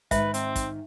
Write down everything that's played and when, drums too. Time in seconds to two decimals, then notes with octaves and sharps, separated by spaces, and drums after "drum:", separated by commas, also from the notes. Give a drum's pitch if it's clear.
0.11 G#2 D#3 B4 E5, drum: kick, hi-hat
0.34 C4, drum: hi-hat
0.56 drum: kick, hi-hat